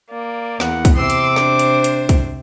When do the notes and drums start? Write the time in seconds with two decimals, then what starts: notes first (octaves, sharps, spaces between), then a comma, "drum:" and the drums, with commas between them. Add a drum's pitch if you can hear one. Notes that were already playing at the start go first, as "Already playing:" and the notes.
0.11 A#3 D5
0.60 E2 F#5, drum: snare
0.85 drum: kick, hi-hat
0.96 C3 C6 D6 E6
1.10 drum: hi-hat
1.36 D4 C5, drum: snare
1.59 drum: hi-hat
1.84 drum: hi-hat
2.09 drum: kick, hi-hat